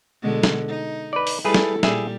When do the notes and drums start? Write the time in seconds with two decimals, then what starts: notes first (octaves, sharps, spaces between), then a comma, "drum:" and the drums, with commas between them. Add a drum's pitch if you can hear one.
0.22 B2 D3 G#3
0.43 drum: snare
0.68 D#4
1.13 B4 D5
1.27 drum: open hi-hat
1.45 G3 A3 E4 G#4 A4 B4
1.54 drum: snare
1.83 A#2 G3 E4 G#4 E5, drum: snare